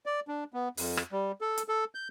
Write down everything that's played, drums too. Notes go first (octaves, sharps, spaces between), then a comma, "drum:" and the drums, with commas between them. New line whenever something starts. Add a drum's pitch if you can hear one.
D5
D4
B3
F2, drum: open hi-hat
drum: rim click
G3
A4
drum: hi-hat
A4
G6